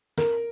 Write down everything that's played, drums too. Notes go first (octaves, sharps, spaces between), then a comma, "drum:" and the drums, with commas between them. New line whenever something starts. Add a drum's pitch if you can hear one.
A#4, drum: snare